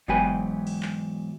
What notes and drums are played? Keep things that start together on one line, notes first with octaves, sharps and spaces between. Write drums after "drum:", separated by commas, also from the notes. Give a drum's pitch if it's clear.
E2 G#2 F#3 G4 B4 G#5, drum: kick F#1
drum: cymbal
drum: clap